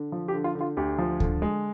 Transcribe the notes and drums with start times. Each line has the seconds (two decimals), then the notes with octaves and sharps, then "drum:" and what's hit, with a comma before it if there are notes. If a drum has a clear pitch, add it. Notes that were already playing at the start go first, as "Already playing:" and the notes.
Already playing: D3
0.12 F3
0.28 G4
0.34 D3
0.44 F4
0.55 D3
0.61 F4
0.77 D2 G4
0.98 F3
1.20 D3, drum: kick D2
1.42 G#3